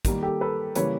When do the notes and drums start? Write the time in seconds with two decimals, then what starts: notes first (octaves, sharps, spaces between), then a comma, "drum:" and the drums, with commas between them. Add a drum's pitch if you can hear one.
0.05 D#3 G3 A#3, drum: kick, hi-hat
0.22 G4 A4
0.41 A4 B4
0.75 C#3 E3 G3 A#3 B4 C#5, drum: hi-hat